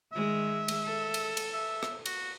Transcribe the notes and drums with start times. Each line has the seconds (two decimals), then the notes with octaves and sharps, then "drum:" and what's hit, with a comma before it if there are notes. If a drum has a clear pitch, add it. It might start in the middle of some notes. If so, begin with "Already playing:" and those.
0.13 D#3 G#3 E5
0.68 drum: cymbal
0.85 A4
1.14 drum: cymbal
1.37 drum: cymbal
1.54 E5
1.83 drum: rim click
2.06 F#4, drum: cymbal